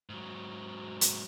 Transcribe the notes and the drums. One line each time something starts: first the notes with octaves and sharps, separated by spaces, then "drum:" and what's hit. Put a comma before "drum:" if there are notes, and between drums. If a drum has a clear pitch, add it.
G#2 F#3
drum: hi-hat